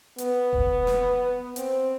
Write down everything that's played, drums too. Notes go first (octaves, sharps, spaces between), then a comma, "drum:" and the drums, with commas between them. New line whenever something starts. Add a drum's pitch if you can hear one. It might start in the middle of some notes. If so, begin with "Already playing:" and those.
B3, drum: hi-hat
drum: kick E1
drum: snare
C4, drum: hi-hat